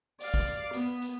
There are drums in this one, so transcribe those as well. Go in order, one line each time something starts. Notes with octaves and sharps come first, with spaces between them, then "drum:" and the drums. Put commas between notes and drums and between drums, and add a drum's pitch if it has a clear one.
D5 F5, drum: open hi-hat
drum: kick
drum: hi-hat
B3, drum: hi-hat
drum: hi-hat